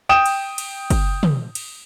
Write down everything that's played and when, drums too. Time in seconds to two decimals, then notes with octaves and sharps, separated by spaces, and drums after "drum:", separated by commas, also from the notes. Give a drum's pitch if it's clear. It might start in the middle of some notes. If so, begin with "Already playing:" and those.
0.09 G5 D#6 E7
0.26 drum: cymbal
0.58 drum: cymbal
0.90 drum: kick, cymbal
1.23 drum: tom
1.55 drum: cymbal